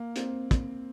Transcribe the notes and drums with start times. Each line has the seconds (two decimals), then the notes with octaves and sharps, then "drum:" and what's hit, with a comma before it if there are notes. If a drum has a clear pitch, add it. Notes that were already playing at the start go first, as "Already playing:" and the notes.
Already playing: A#3
0.16 C4, drum: hi-hat
0.51 drum: kick, hi-hat